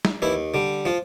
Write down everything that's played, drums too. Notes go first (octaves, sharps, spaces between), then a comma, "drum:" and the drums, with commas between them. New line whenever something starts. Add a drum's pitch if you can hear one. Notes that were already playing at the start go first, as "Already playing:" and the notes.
drum: snare
D#2 E3 E4
D3 G3
F3 F4